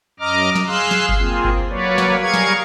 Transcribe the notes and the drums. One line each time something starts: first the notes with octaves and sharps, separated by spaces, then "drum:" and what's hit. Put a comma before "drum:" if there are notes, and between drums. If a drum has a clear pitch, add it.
F#2 D#5 A#5 D6 F6
drum: snare
G#4 F5 C6 E6 F#6
drum: snare
drum: kick G1
A#3 C4 F4 G#4
drum: kick G1
F#3 A#3 B4 C#5 D5
drum: snare
G3 G#4 A#4 F5 C#6 G#6
drum: snare